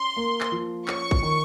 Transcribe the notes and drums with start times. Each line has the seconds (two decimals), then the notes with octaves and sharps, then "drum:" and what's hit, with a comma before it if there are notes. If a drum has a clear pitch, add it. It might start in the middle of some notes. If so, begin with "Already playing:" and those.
Already playing: C#4 C6
0.17 A#3
0.41 drum: clap
0.52 F3
0.88 C#4 C#6, drum: clap
1.11 drum: kick
1.23 D#3